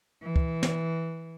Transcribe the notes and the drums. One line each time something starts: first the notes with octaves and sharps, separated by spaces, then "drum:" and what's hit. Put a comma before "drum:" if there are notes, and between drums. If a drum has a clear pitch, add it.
E3
drum: kick
drum: snare